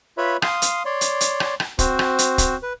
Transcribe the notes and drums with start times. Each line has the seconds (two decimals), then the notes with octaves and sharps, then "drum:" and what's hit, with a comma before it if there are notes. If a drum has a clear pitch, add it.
0.18 F4 B4 C#5 E5 B5
0.42 F5 C6 D#6, drum: rim click
0.62 drum: hi-hat
0.85 C#5 D5 C6
1.01 drum: hi-hat
1.21 drum: hi-hat
1.40 drum: rim click
1.60 drum: rim click
1.79 C4 F#4 C5, drum: kick, hi-hat
1.99 drum: rim click
2.19 drum: hi-hat
2.38 drum: kick, hi-hat
2.63 B4